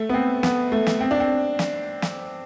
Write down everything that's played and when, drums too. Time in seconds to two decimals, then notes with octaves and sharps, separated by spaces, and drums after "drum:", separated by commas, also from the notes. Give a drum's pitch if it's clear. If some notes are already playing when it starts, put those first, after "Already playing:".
Already playing: A3
0.10 B3
0.14 C4
0.43 B3, drum: snare
0.72 A3
0.87 drum: snare
1.01 C4
1.11 D4
1.20 C4
1.59 drum: snare
2.02 drum: snare